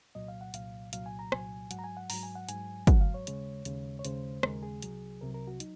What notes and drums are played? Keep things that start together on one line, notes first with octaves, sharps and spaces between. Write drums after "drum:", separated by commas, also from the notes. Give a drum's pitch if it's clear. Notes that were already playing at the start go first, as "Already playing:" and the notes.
C2 A#2 F#3 D#5
F5
F#5
C2 A#2 F#3 F5, drum: hi-hat
C2 A#2 F#3 F5, drum: hi-hat
G#5
A#5
C2 A#2 F#3 G#5, drum: rim click
G#2 F#3 F#5, drum: hi-hat
A#5
G#5
F#5
G#2 F#3 A#5, drum: open hi-hat
G#5
F#5
G#2 F#3 G#5, drum: hi-hat
G#2 F#3 F#5, drum: kick, hi-hat
F5
C#5
D#2 C#3 G#3, drum: hi-hat
D#2 C#3 G#3, drum: hi-hat
C#5
D#2 C#3 G#3 C5, drum: hi-hat
D#2 C#3 G#3 A#4, drum: rim click
G#4
C2 C3 F#3, drum: hi-hat
C2 C3 F#3 A#4
A#4
F#4
F#3 D#4, drum: hi-hat